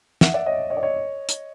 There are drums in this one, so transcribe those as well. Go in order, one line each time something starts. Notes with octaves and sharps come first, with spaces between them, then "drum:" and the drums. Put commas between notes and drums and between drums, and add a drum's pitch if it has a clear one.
E5 F#5, drum: snare
D5 E5
C#5 D#5
C#5 D#5
D5
C#5 D#5
drum: hi-hat